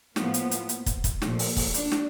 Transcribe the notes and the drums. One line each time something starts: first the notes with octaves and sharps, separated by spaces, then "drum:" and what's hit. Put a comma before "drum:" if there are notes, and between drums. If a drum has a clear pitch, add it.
A2 F3 A#3 B3, drum: snare
drum: hi-hat
drum: hi-hat
drum: hi-hat
drum: kick, hi-hat
drum: kick, hi-hat
A#2 F3 A3, drum: snare
drum: open hi-hat
drum: kick, open hi-hat
D4, drum: hi-hat
drum: snare